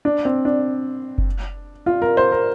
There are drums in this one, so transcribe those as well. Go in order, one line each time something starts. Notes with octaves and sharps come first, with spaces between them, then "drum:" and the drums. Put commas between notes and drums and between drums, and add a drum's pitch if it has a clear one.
D4
C4
D4
drum: kick F#1
F4
A#4
C5
A#4